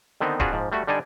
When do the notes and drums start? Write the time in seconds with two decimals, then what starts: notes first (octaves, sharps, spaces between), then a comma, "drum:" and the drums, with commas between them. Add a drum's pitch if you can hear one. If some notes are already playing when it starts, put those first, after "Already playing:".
0.21 D3 D#3 B3 C4 D#4
0.40 C4 D4 F4 F#4 G#4 B4, drum: kick D1
0.53 G#2 F3
0.72 G3 A3 F#4
0.87 D3 G3 D4 D#4 D5 G#5